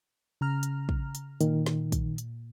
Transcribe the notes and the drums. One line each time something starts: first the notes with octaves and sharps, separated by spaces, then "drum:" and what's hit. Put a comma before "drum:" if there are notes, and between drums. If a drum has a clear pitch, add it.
C#3 A#5 F6
drum: hi-hat
drum: kick
drum: hi-hat
A#2 D#3, drum: hi-hat
drum: snare
drum: kick, hi-hat
drum: hi-hat